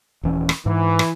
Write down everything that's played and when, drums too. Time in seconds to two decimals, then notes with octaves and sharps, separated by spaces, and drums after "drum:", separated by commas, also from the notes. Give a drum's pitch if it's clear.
0.23 D#1 E3 C#4
0.49 drum: rim click
0.66 G#2 E3
0.99 drum: rim click